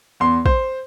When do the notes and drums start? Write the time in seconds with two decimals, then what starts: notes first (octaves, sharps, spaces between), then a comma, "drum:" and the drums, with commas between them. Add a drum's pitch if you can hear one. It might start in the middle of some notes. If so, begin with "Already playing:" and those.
0.20 E2 C6
0.46 C5, drum: kick